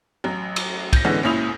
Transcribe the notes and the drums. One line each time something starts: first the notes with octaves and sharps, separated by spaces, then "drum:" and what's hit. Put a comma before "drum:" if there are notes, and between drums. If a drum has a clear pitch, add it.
A1 F#3
drum: cymbal
G6 A#6, drum: kick, cymbal
D3 E3 G#3 B3 C#4
C#2 A#2 C#4 E4 D#6 F7